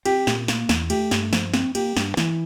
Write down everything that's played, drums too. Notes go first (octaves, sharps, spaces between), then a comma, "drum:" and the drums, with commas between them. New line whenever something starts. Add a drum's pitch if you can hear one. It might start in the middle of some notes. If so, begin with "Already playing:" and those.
C4 G4, drum: cymbal
A#2, drum: snare
A#3, drum: snare
E2, drum: snare
A3 G4, drum: cymbal
G2, drum: snare
F3, drum: snare
C4, drum: snare
A#3 G4, drum: cymbal
G2, drum: snare
E3, drum: snare